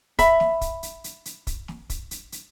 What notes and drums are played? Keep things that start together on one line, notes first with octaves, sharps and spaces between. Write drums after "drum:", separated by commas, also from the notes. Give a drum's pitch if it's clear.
E5 B5, drum: kick, hi-hat
drum: snare
drum: kick, hi-hat
drum: hi-hat
drum: hi-hat
drum: hi-hat
drum: kick, hi-hat
drum: snare
drum: kick, hi-hat
drum: hi-hat
drum: hi-hat